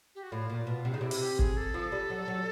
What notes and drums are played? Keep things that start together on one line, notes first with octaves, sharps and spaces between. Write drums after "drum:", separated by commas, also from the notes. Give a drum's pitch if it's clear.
G4
F#4
A2 F4
A#2
B2
C3
C#3 D#4
C3 E4
drum: open hi-hat
G4
G#4, drum: kick G1
A4
F3
G3
F#3
F#3